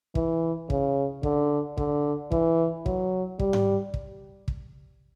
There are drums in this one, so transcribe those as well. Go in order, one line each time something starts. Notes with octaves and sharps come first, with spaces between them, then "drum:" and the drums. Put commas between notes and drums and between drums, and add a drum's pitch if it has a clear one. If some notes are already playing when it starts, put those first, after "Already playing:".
E3, drum: kick
C#3, drum: kick
D3, drum: kick
D3, drum: kick
E3, drum: kick
F#3, drum: kick
G3, drum: kick
drum: tom G#2
drum: kick
drum: kick